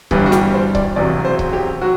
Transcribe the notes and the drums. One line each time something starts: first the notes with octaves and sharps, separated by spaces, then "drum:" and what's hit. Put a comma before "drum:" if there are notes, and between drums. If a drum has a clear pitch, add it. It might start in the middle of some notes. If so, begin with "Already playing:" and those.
G1 G2 E3 G3 B3, drum: kick C#1
F#4
G4, drum: snare
C5
D5, drum: kick C#1
E1 E2 C3 F#3 D5
C5
drum: kick C#1
G4
F#3 F#4